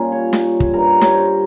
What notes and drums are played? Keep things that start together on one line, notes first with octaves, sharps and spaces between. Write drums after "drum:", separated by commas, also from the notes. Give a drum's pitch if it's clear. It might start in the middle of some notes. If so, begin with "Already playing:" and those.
Already playing: A#2 G3 A#3 C#4 F4
C#5
drum: snare
drum: kick
G2 G3 A#4
C#5, drum: snare
C5